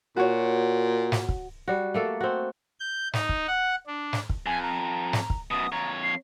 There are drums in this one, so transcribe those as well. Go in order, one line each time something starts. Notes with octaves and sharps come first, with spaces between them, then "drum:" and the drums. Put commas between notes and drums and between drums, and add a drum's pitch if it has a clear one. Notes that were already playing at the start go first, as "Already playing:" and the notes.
A#2 F#4 C#5
drum: snare
drum: kick
G3 F#4
A3 A#3 A4
C4 F#4
G6
D#4, drum: snare
drum: kick
F#5
D4
drum: snare
drum: kick
F2 G#5
A#5
drum: snare
drum: kick
F#2 B2 D#6
F2 C#5 A#5
C7